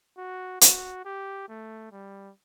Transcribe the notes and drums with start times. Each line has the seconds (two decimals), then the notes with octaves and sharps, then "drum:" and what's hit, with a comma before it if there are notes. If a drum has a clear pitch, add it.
0.17 F#4
0.61 F#4, drum: hi-hat
1.05 G4
1.49 A3
1.92 G3